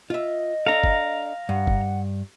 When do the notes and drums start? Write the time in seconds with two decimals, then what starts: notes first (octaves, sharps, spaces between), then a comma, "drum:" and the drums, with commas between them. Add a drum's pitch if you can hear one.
0.10 F4 D#5 E5
0.67 D4 A4 F5 A#5
0.84 drum: kick F#1
1.49 G2 F#5
1.67 drum: kick F#1